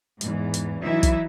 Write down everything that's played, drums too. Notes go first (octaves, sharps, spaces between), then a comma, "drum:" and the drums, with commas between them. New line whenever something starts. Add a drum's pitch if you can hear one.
E2 G#2 E3, drum: hi-hat
drum: hi-hat
E3 F#3 D#4 E4 E5
drum: kick, hi-hat